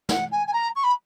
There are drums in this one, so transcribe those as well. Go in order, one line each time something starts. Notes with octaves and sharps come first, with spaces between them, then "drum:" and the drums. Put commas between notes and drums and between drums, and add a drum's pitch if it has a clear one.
F#5, drum: snare
G#5
G#5
A#5
C#6
B5